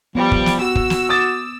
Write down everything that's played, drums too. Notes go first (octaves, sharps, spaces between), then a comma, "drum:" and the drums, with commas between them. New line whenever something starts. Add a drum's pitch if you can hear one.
F3 G3 B3
drum: kick
drum: snare
F#4 E6
drum: kick
drum: snare
D6 D#6 A6